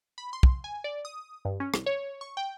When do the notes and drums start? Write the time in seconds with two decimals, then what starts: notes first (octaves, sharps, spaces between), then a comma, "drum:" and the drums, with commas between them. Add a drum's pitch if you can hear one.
0.18 B5
0.33 C6
0.43 drum: kick
0.64 G#5
0.84 D5
1.05 D#6
1.45 G2
1.60 C#4
1.74 C2, drum: rim click
1.86 C#5
2.21 C#6
2.37 G5